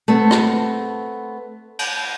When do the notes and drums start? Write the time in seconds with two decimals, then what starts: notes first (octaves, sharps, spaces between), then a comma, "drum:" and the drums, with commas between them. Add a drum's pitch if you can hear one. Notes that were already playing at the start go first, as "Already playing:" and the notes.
0.08 A3 B3 C4
0.31 drum: rim click
1.79 drum: cymbal